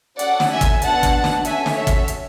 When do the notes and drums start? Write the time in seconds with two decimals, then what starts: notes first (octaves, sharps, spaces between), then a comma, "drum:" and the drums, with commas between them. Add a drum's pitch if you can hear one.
0.19 C#4 F#4 A4 D5 F#5, drum: hi-hat
0.40 drum: snare
0.51 E5 G#5
0.61 drum: kick, hi-hat
0.82 B3 D4 F#4 F#5 A5, drum: hi-hat
1.03 drum: kick, hi-hat
1.24 drum: snare
1.45 C#4 F#4 A4 E5 G#5, drum: hi-hat
1.66 drum: snare
1.76 C#5 E5
1.87 drum: kick, hi-hat
2.08 drum: hi-hat